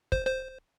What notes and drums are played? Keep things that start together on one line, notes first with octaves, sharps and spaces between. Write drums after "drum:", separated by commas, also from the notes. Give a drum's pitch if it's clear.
C5, drum: kick
C5